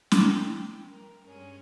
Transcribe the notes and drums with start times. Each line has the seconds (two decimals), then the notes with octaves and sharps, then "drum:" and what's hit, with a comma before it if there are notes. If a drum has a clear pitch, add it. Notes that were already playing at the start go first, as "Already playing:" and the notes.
0.12 G5, drum: snare
0.87 A#4
1.25 G2 G#3 C#4 G#4 G#5